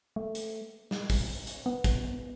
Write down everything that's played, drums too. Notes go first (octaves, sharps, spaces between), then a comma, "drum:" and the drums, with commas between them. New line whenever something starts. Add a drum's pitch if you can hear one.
A3
drum: hi-hat
drum: snare
drum: kick, open hi-hat
drum: hi-hat
B3
drum: kick, hi-hat